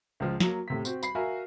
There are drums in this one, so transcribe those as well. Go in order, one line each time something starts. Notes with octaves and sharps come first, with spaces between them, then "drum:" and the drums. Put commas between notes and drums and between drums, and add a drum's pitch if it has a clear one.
C#2 F3
F#3 A#3, drum: snare
A2 C3 B6
C4 F#4, drum: tambourine
B5 C7, drum: tambourine
F#4 A#4 E5 F5 G#5